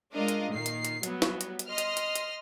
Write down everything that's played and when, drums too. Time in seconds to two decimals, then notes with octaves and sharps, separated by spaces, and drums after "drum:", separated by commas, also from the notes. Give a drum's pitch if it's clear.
0.14 G#3 D4 F4 A#4 D#5 F5
0.28 drum: hi-hat
0.50 A#2 D#3 C7
0.66 drum: hi-hat
0.85 drum: hi-hat
1.03 F#3 G3 B3, drum: hi-hat
1.22 drum: snare
1.41 drum: hi-hat
1.59 drum: hi-hat
1.68 D#5 C6 F6
1.78 drum: hi-hat
1.97 drum: hi-hat
2.15 drum: hi-hat